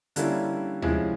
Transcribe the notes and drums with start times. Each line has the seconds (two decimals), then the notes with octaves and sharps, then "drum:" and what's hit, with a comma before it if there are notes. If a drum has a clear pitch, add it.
0.16 D3 G3 A#3 C#4 E4, drum: hi-hat
0.82 C3 F3 G#3 C#4 E4, drum: tom